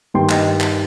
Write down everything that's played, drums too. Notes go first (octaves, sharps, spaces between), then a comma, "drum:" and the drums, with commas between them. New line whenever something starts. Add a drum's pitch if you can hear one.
G2 D#3 G3 G5 C6
D#5 G5, drum: clap
drum: clap